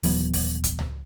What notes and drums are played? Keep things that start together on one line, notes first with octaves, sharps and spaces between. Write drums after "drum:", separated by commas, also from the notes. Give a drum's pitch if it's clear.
D#1 E3 F#3 B3, drum: open hi-hat
drum: kick, open hi-hat
drum: kick, hi-hat
drum: tom C#2